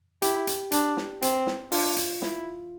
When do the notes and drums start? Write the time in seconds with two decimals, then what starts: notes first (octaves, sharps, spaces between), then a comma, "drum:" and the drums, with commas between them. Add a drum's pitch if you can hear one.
0.22 E4 G4, drum: hi-hat
0.47 drum: hi-hat
0.72 D4, drum: hi-hat
0.97 drum: snare
1.22 C4, drum: hi-hat
1.47 drum: snare
1.72 D4 F4, drum: open hi-hat
1.96 drum: hi-hat
2.22 E4, drum: snare